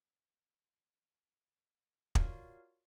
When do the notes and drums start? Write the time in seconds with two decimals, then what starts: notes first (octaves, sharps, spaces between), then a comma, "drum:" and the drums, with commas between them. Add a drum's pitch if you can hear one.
2.15 F4 F#4 A#4 C#5 D5 F5, drum: kick